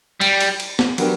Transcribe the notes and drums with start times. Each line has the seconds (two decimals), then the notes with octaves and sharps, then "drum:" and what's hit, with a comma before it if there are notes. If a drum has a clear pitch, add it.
0.21 G3, drum: cymbal
0.41 drum: cymbal
0.60 drum: cymbal
0.79 drum: snare
0.98 F#3 B3 D4 G4 A#4, drum: cymbal